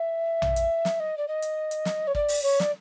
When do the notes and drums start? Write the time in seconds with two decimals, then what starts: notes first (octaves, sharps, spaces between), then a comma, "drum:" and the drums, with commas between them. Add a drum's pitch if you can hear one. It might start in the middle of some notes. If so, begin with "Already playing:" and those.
Already playing: E5
0.42 drum: tom A#1
0.56 drum: hi-hat
0.85 drum: snare
1.00 D#5
1.18 D5
1.28 D#5
1.42 drum: hi-hat
1.71 drum: hi-hat
1.85 drum: snare
2.07 C#5
2.15 D5, drum: kick
2.28 drum: open hi-hat
2.43 C#5
2.60 D5, drum: snare